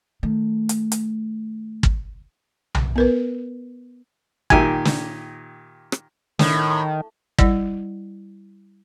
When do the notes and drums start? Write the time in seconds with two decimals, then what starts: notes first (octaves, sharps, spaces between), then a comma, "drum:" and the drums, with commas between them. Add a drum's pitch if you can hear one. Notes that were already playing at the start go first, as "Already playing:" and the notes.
0.23 D#3 A3
0.69 drum: hi-hat
0.92 drum: hi-hat
1.83 drum: kick
2.75 drum: tom B1
2.96 B3 A#4 B4
4.50 A#2 D#3 G4 E5 G#5, drum: kick
4.85 drum: snare
5.92 drum: rim click
6.39 A2 D#3, drum: snare
7.38 G3 E4 D5 F#5, drum: kick